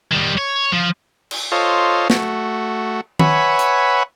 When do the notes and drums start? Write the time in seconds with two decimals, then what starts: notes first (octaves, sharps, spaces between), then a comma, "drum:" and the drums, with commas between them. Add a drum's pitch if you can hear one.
0.12 D#3 G3
0.38 C#5
0.73 F3
1.31 drum: cymbal
1.52 F4 A4 C5 C#5 D#5 F5
2.10 A3 F#4, drum: snare
3.19 B4 C#5 E5 F#5 G#5 B5, drum: tom D#3
3.59 drum: hi-hat